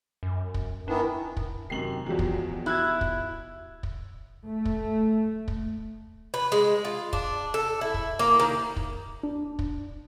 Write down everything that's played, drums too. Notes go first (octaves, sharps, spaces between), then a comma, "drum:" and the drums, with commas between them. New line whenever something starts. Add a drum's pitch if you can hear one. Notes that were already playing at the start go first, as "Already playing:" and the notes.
F#2
drum: kick
D#3 E3 B3 D4
drum: kick
F#2 C3 D#3 C7 F#7
E2 B2 F3 F#3 G4
drum: kick
E4 F#6 G#6
drum: kick
drum: kick
A3
drum: kick
drum: kick
B4
G#3
F4
D4, drum: kick
A4
E4
drum: kick
A#3
D#3
drum: kick
D4
drum: kick